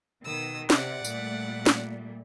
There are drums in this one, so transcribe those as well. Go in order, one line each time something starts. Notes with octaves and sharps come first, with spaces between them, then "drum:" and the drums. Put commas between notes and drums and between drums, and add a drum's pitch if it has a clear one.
B2 D#3 D#6 E6
C3 D5 F#5, drum: snare
A#2 G3 A3, drum: tambourine
drum: snare